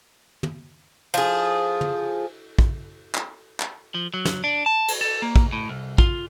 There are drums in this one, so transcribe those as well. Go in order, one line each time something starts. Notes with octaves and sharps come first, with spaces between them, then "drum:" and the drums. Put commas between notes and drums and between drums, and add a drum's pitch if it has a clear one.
drum: tom
F3 G#4, drum: cymbal
drum: tom
drum: kick
drum: clap
drum: clap
F3
F#3
drum: snare
D4
A5
drum: cymbal
A4
A#3
drum: kick
A2
C2
F4, drum: kick